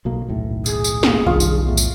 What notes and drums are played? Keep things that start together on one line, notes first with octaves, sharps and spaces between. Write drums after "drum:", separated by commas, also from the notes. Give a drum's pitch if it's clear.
B1 B2 A#3
D#1 B1 A2
G#4, drum: tambourine
drum: tambourine
drum: snare
F1 B1 G2 D#3 F4 C#6
drum: tambourine
E2 A2
drum: tambourine